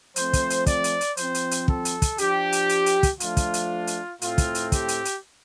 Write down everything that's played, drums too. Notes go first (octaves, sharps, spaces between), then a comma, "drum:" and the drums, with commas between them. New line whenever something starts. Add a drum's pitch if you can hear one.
F3 A3 C4 C5, drum: hi-hat
drum: kick, hi-hat
drum: hi-hat
D5, drum: kick, hi-hat
drum: hi-hat
drum: hi-hat
F3 C4 C5, drum: hi-hat
drum: hi-hat
drum: hi-hat
A4, drum: kick
drum: hi-hat
drum: kick, hi-hat
F3 D4 G4, drum: hi-hat
drum: hi-hat
drum: hi-hat
drum: hi-hat
drum: kick, hi-hat
F3 A3 D4 F4, drum: hi-hat
drum: kick, hi-hat
drum: hi-hat
drum: hi-hat
A2 A3 C4 F4, drum: hi-hat
drum: kick, hi-hat
drum: hi-hat
G4, drum: kick, hi-hat
drum: hi-hat
drum: hi-hat